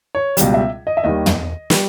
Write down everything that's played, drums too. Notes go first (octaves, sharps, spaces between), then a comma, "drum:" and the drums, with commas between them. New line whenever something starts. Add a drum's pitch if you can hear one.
C#5
C#2 B2 G3, drum: hi-hat
E5
D#5
E5
D#2 D#3 G3 D#5
drum: tom
G3, drum: snare